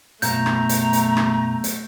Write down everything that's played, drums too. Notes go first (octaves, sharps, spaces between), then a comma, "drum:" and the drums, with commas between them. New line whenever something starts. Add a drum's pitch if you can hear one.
F#2 B2 A3 F4 A#5 G6, drum: hi-hat
drum: rim click
drum: hi-hat
drum: hi-hat
drum: rim click
drum: hi-hat